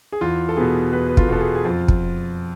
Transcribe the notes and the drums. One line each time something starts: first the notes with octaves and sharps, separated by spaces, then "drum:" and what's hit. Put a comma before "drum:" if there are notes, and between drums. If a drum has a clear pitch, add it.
G#4
E2 F4
A4
B2 B3 G#4
E2 G#4 B4
B4
F4 A4, drum: kick
B2 B3 A4
G#4
G#4
F2 F4
drum: kick